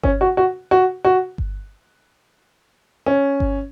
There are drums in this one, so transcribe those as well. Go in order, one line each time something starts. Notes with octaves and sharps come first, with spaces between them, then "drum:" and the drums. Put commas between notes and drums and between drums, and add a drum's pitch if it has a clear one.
C#4, drum: kick G1
F#4
F#4
F#4
F#4
drum: kick G1
C#4
drum: kick G1